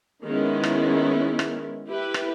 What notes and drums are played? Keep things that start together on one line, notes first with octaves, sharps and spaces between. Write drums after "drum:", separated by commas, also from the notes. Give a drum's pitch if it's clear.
D#3 G#3 B3 C#4 E4
drum: rim click
drum: rim click
E4 G4 B4
drum: rim click